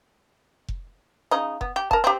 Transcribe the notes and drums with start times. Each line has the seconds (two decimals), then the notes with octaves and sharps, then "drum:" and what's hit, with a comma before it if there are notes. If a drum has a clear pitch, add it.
0.68 drum: kick F1
1.31 C#3 D#4
1.61 B3, drum: kick F1
1.76 G4
1.91 A#4 A5, drum: kick F1
2.04 C4 G4